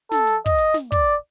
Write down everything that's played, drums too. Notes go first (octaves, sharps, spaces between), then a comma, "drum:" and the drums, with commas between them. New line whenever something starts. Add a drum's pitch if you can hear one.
A4, drum: snare
drum: hi-hat
D#5, drum: kick, hi-hat
drum: hi-hat
drum: snare
D5, drum: kick, hi-hat